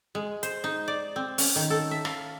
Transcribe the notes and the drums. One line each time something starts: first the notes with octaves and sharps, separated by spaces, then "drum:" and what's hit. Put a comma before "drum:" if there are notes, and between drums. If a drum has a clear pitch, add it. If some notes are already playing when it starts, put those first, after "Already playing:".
G#3
C5, drum: hi-hat
D#4
D5
C4
C#4, drum: open hi-hat
D#3
A4
E5
F5, drum: rim click